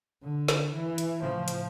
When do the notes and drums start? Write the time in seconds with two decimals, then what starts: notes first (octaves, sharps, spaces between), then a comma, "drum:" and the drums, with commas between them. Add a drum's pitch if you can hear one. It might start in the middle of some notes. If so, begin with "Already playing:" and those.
0.23 D3
0.48 drum: snare
0.73 E3
0.98 drum: hi-hat
1.22 A2 C#3 F3
1.48 drum: hi-hat